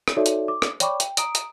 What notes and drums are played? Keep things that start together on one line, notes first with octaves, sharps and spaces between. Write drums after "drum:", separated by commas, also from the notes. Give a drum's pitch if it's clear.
drum: rim click
D#4 F#4 A4 C#5 D5 E5
drum: hi-hat
D6
drum: rim click
C#5 D5 G5 B5 C#6 D6, drum: hi-hat
G5, drum: hi-hat
A#5 D#6 D7, drum: hi-hat
drum: hi-hat